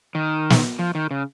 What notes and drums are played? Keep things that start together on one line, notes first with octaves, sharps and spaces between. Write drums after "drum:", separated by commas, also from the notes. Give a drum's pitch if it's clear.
D#3
drum: snare
F3
D#3
C#3